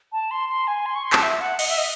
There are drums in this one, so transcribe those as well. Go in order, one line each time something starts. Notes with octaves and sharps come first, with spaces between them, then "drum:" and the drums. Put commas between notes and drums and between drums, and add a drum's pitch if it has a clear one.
A5
C6
C6
G#5
C6
C#6
C6
A5, drum: clap
E5
F#5
D#5, drum: cymbal
E5
D#5